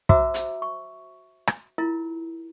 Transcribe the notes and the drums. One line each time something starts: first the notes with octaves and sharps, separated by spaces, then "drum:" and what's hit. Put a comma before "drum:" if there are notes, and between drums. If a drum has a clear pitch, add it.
F#4 C5 E5 A#5 D6 E6, drum: kick
drum: hi-hat
C#6
drum: rim click
E4 F4 A#4